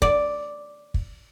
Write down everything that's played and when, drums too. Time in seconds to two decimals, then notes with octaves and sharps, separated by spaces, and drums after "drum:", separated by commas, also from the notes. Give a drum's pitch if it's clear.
0.02 D5, drum: kick
0.94 drum: kick